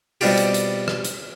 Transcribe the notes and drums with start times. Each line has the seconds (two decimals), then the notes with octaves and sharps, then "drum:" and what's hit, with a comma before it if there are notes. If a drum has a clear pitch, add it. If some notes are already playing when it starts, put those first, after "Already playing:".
0.21 B2 G3 C4 D4 F4 G4, drum: open hi-hat
0.38 drum: hi-hat
0.54 drum: hi-hat
0.88 drum: rim click
1.04 drum: hi-hat